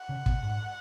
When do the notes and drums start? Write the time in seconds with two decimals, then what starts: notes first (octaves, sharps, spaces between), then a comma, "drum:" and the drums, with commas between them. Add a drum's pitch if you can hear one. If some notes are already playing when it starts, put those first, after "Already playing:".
Already playing: F#5
0.09 C#3
0.26 B2, drum: kick
0.43 G#2